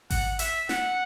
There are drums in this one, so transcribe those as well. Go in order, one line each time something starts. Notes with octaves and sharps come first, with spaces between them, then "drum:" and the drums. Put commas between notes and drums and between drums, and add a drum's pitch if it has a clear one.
F#5, drum: kick G#1, open hi-hat
E5, drum: hi-hat
F#5, drum: snare